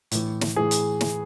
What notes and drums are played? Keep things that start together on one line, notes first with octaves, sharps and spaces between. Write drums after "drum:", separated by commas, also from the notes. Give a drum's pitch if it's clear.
A2 E3, drum: hi-hat
drum: snare
A2 E3 G#4
drum: hi-hat
drum: snare